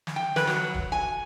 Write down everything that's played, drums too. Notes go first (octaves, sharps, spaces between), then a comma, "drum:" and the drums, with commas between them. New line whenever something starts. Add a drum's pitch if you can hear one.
drum: snare
G5
B4, drum: snare
F#3, drum: snare
drum: kick
G#5